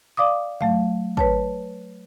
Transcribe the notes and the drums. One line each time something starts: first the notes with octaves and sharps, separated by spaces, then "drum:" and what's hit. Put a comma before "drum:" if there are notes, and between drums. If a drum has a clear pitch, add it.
D5 F5 D6 D#6
F#3 A3 F5, drum: tom
B4 C#5 A5, drum: kick